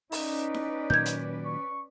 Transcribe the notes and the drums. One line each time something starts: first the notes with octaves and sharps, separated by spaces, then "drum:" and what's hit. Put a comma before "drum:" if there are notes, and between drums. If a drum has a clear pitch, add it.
C#4 D#4 B4 D5, drum: open hi-hat
drum: snare E4
A#2 D#3 F#3 G6 G#6
drum: hi-hat
C#6